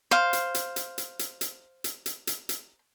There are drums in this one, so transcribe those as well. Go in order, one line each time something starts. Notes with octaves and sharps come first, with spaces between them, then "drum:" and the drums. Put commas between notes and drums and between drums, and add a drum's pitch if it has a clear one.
C5 F5
drum: hi-hat
drum: hi-hat
drum: hi-hat
drum: hi-hat
drum: hi-hat
drum: hi-hat
drum: hi-hat
drum: hi-hat
drum: hi-hat
drum: hi-hat